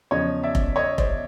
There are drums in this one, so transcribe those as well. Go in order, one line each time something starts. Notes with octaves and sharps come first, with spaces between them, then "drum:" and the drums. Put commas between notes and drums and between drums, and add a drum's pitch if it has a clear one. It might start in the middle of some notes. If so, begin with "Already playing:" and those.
E2 C#3 F3 C#5 D#5
D5 E5
drum: kick F1
C#5 D#5
C5 D5, drum: kick F1